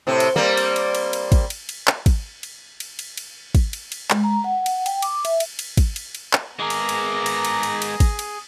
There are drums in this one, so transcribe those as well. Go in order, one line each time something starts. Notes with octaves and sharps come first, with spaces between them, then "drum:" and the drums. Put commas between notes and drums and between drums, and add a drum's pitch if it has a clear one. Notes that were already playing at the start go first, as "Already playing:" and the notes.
A2 C3 C4
drum: cymbal
G3 A#3 C4
drum: cymbal
drum: cymbal
drum: cymbal
drum: cymbal
drum: kick, cymbal
drum: cymbal
drum: cymbal
drum: clap
drum: kick, cymbal
drum: cymbal
drum: cymbal
drum: cymbal
drum: cymbal
drum: kick, cymbal
drum: cymbal
drum: cymbal
G#3, drum: clap
A#5
F#5
drum: cymbal
G5, drum: cymbal
D6, drum: cymbal
E5, drum: cymbal
drum: cymbal
drum: cymbal
drum: kick, cymbal
drum: cymbal
drum: cymbal
drum: clap
G#3 B3 G#4 A#4 A#5 D6 A#6
drum: cymbal
drum: cymbal
drum: cymbal
drum: cymbal
drum: cymbal
drum: cymbal
drum: kick, cymbal
drum: cymbal